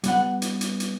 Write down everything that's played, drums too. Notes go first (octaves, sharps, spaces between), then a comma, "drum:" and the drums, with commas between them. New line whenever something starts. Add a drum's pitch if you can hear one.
G3 B3 F#5, drum: hi-hat
drum: hi-hat
drum: hi-hat
drum: hi-hat